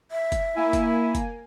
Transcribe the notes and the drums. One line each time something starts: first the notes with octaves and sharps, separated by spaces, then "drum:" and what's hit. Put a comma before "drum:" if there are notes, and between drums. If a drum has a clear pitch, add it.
E5
drum: kick, hi-hat
A#3 E4 G#5
drum: kick, hi-hat
drum: kick, hi-hat